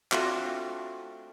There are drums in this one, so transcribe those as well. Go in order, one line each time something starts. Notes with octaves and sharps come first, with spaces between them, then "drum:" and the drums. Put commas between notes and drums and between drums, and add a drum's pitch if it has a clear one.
A3 C4 D4 F4 F#4, drum: clap